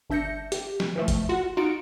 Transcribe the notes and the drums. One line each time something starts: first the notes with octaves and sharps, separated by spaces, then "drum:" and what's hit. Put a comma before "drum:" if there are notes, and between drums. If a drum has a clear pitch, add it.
G1 D4 E5 G6 A#6 C#7
G4, drum: hi-hat
drum: snare
E3 F3 A3
drum: kick F#1, hi-hat
F4 F#4 F#5
D#4 F4 F#4 C#7 D7